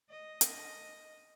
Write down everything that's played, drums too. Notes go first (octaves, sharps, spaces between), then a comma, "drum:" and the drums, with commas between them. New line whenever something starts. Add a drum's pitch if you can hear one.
D#5
drum: hi-hat